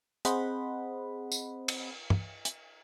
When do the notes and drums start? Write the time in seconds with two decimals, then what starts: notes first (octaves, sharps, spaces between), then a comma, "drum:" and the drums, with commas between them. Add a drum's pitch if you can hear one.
0.25 C4 G#4 C5 D#5 F#5 B5, drum: hi-hat
1.32 drum: tambourine
1.68 drum: cymbal
2.10 drum: tom
2.45 drum: hi-hat